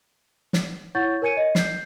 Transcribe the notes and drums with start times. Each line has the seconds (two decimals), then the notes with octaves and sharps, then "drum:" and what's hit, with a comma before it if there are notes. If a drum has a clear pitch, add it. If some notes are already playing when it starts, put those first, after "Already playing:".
0.53 drum: snare
0.95 E4 C#5 F#5 C#6 G6 A6
1.22 A#4 C#5 G#5 G#6 C#7 D#7
1.37 D#5
1.55 G6 C7, drum: snare